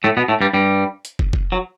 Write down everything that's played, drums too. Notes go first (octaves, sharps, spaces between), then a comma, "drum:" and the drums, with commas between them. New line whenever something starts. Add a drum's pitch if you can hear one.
A2 A3
B2 B3
A2 A3
G2 G3
G2 G3
drum: hi-hat
drum: kick
drum: kick
F#3